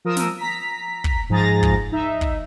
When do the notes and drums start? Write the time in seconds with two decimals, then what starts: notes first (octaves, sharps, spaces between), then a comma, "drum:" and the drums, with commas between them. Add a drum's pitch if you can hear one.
0.05 F3 A#4 D#6 E6
0.16 drum: snare
0.38 A#5 B6
1.04 drum: kick
1.29 G#2 F3 G#4 A#5 A6 A#6
1.63 drum: kick
1.92 D#4 E5
2.21 drum: kick